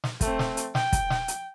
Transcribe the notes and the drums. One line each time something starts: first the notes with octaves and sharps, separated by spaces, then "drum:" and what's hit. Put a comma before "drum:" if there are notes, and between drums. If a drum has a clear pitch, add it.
drum: snare
A3 C4, drum: kick, hi-hat
drum: snare
drum: hi-hat
G5, drum: snare
drum: kick, hi-hat
drum: snare
drum: hi-hat